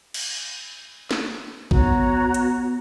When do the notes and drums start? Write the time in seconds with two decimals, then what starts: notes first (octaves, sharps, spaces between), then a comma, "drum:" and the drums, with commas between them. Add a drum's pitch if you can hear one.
0.14 drum: cymbal
1.11 drum: snare
1.71 B3 F#4 C#5 A#5, drum: kick A#1
2.34 drum: hi-hat